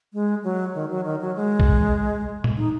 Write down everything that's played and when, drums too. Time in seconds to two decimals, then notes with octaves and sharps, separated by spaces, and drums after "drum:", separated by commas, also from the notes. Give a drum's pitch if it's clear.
0.13 G#3
0.44 F#3
0.75 D#3
0.90 F#3
1.05 D#3
1.21 F#3
1.36 G#3
1.60 drum: kick
2.44 drum: tom A#2
2.58 D#4